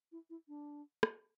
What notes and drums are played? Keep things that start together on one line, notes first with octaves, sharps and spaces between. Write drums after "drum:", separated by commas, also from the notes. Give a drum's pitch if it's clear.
E4
E4
D4
drum: rim click